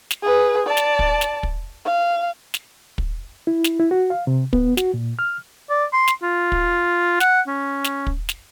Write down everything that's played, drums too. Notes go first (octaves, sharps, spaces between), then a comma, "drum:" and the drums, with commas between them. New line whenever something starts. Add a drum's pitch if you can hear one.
drum: snare
G#4 B4
D5 A5
drum: snare
drum: kick
drum: snare
drum: kick
F5
drum: snare
drum: kick
E4
drum: snare
E4
F#4
F5
C3
B3, drum: kick
F#4, drum: snare
A#2
F6
D5
C6
drum: snare
F4
drum: kick
F#5, drum: snare
C#4
drum: snare
drum: kick
drum: snare